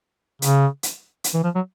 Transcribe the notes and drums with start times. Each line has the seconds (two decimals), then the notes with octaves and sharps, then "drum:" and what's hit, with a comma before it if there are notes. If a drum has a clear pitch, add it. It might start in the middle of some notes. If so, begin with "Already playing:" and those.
0.42 C#3, drum: hi-hat
0.83 drum: hi-hat
1.24 drum: hi-hat
1.34 E3
1.44 F3
1.55 F#3